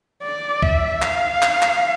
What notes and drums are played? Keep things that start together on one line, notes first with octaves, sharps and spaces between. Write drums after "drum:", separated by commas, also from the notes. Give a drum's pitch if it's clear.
D5
E5, drum: kick
F5, drum: clap
drum: clap
drum: clap